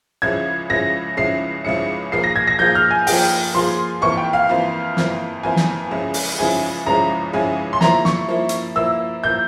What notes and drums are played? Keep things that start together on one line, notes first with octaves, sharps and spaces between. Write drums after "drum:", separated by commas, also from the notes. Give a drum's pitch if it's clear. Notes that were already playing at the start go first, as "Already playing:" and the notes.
C#2 C#3 F3 G#3 E4 G#6
C#2 C#3 F3 G#3 E4 A#6
C#2 C#3 F3 G#3 E4 C7
C#2 C#3 F3 G#3 E4 C#7
F3 A#3 F4 G#4 C7
A#6
G#6
A#6
F3 A#3 F4 G#4 G6
F6
G#5
F3 A#3 F4 G#4 G5, drum: open hi-hat
F3 A#3 F4 G#4 C6
F2 E3 A#3 F4 C5 C#6
G5
F5
F2 E3 A#3 F4 C5
F2 E3 A#3 F4 C5, drum: snare
F2 E3 A#3 F4 C5 G#5
drum: snare
C#2 C#3 F3 G#3 E4
drum: open hi-hat
C#2 C#3 F3 G#3 E4 G#5
C#2 C#3 F3 G#3 E4 A#5
C#2 C#3 F3 G#3 E4 G#5
C6
F3 A#3 E4 A#5, drum: snare
C#6, drum: snare
F3 A#3 E4
drum: hi-hat
F3 A#3 E4 E6
F3 A#3 E4 G6